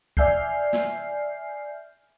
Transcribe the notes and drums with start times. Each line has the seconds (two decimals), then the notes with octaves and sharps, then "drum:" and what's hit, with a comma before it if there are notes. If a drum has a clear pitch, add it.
0.17 D5 E5 G#5 F6 G6 C7, drum: kick
0.73 drum: snare